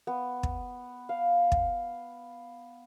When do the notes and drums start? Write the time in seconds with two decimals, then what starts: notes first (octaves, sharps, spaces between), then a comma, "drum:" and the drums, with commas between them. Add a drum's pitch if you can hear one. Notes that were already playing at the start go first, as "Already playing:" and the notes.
0.07 B3
0.43 drum: kick
1.09 F5
1.52 drum: kick